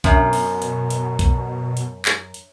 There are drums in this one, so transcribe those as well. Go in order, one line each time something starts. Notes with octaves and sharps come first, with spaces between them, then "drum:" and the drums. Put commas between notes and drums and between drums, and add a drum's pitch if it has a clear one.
F#2 B2, drum: kick B1, hi-hat
drum: open hi-hat
drum: hi-hat
drum: hi-hat
drum: kick B1, hi-hat
drum: hi-hat
drum: clap
drum: hi-hat